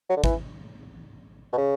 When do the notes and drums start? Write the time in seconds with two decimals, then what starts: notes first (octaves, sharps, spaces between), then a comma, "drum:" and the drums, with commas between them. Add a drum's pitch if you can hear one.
0.09 F#3
0.17 D3
0.24 E3, drum: kick
1.53 B2
1.57 C#3